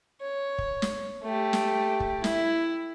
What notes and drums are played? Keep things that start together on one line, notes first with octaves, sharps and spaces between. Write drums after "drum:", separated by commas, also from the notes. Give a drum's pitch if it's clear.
C#5
drum: kick
drum: snare
A3 G4
drum: snare
drum: kick
E4, drum: snare